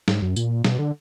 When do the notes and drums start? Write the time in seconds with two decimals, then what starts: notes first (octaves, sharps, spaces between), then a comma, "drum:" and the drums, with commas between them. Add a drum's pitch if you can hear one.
0.08 G#2, drum: snare
0.22 F#2
0.36 A#2, drum: tambourine
0.65 B2, drum: snare
0.79 D3